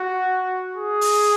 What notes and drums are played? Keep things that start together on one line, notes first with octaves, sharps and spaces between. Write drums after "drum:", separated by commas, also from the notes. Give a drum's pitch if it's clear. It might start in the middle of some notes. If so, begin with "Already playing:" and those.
Already playing: F#4
G#4
drum: open hi-hat